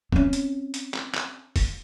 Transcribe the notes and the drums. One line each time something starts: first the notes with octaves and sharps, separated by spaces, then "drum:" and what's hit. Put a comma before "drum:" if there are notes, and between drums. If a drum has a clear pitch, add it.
C4 C#4, drum: kick
drum: hi-hat
drum: hi-hat
drum: clap
drum: clap
drum: kick, open hi-hat